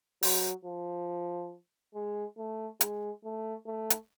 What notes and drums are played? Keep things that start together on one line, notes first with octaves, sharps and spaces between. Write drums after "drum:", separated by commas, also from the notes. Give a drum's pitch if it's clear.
F#3, drum: open hi-hat
F3
G#3
A3
G#3, drum: hi-hat
A3
A3
drum: hi-hat